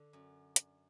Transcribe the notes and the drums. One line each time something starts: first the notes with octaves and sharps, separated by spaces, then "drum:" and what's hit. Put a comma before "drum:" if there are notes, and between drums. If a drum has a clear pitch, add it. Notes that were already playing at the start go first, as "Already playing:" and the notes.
Already playing: D3
F#2
drum: hi-hat